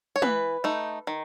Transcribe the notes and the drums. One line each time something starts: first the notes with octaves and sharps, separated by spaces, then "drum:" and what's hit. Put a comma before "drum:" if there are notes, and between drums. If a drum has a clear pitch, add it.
C#5
E3 B4, drum: tom
A3 D#4
D#3